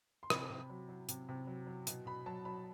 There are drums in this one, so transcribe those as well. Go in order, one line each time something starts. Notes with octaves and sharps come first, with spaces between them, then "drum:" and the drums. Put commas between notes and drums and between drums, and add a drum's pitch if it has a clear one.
C6
C3 B5, drum: rim click
C3
F#3
F#3
C3, drum: hi-hat
C3
F#3
F#3
B2, drum: hi-hat
B2 B5
F#3 A5
F#3 B5